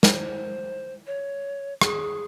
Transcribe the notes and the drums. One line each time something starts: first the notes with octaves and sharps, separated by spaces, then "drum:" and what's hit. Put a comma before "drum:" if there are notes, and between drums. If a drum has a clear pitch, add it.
C5, drum: snare
C#5
G#4, drum: rim click